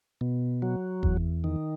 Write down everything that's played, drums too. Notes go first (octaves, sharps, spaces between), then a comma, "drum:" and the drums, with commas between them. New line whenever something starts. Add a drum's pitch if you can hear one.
B2
F#3
E2, drum: kick F#1
D#3